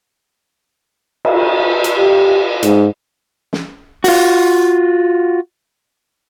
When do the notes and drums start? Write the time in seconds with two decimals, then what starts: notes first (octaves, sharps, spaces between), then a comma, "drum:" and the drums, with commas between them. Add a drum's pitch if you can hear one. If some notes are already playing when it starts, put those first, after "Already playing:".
1.25 drum: cymbal
1.84 drum: hi-hat
1.97 G4
2.63 G#2, drum: hi-hat
3.53 drum: snare
4.04 F4 F#4, drum: open hi-hat